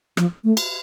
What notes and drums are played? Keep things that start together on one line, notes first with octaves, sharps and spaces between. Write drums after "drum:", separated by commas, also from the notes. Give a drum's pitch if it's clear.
F3, drum: rim click
A3
drum: cymbal